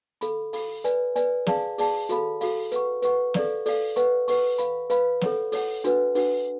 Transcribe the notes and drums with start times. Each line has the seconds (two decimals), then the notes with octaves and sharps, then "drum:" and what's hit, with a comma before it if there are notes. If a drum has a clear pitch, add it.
0.21 A4 F5 B5, drum: hi-hat
0.53 A4 F5 B5, drum: open hi-hat
0.84 B4 D5 G#5, drum: hi-hat
1.16 B4 D5 G#5, drum: hi-hat
1.46 G#4 D5 F5 A5, drum: snare
1.78 G#4 D5 F5 A5, drum: open hi-hat
2.09 F#4 A4 F5 B5, drum: hi-hat
2.41 F#4 A4 F5 B5, drum: open hi-hat
2.72 B4 F#5 C#6, drum: hi-hat
3.02 B4 F#5 C#6, drum: hi-hat
3.34 A4 D5 F5, drum: snare
3.66 A4 D5 F5, drum: open hi-hat
3.96 B4 F#5 C#6, drum: hi-hat
4.28 B4 F#5 C#6, drum: open hi-hat
4.58 B4 F5 B5, drum: hi-hat
4.90 B4 F5 B5, drum: hi-hat
5.21 A4 C#5 F#5, drum: snare
5.52 A4 C#5 F#5, drum: open hi-hat
5.84 D4 F#4 B4 F#5, drum: hi-hat
6.15 D4 F#4 B4 F#5, drum: open hi-hat